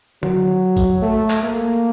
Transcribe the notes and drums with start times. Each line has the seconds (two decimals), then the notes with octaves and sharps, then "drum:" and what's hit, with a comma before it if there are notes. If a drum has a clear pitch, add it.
0.23 F#3, drum: tom D3
0.77 drum: kick G#1, tambourine
1.03 A3
1.30 drum: clap
1.43 A#3